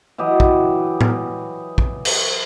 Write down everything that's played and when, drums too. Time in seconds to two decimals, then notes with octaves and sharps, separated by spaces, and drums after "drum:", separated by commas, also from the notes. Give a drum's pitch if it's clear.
0.18 E3 F#3 G4 D#5
0.40 drum: kick
1.01 drum: tom A2
1.78 drum: kick
2.05 drum: cymbal